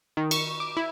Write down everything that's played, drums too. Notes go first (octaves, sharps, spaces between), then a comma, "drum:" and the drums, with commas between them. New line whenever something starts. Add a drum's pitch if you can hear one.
D#3
C#6, drum: cymbal
D6
E4